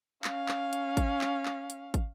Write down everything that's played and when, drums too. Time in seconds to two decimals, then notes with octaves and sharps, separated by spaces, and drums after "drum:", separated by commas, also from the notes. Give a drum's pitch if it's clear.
0.24 C#4 F5, drum: clap
0.48 drum: clap
0.73 drum: hi-hat
0.97 drum: kick, hi-hat
1.21 drum: clap
1.45 drum: clap
1.70 drum: hi-hat
1.94 drum: kick, hi-hat